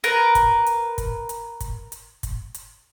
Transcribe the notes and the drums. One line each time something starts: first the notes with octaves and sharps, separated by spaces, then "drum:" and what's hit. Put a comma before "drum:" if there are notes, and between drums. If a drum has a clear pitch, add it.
A#4 B4, drum: hi-hat
drum: kick, hi-hat
drum: hi-hat
drum: kick, hi-hat
drum: hi-hat
drum: kick, hi-hat
drum: hi-hat
drum: kick, hi-hat
drum: hi-hat